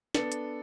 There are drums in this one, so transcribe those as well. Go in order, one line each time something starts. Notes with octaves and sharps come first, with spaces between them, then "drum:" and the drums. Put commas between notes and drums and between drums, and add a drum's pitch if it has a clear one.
B3 D4 A4, drum: snare
drum: hi-hat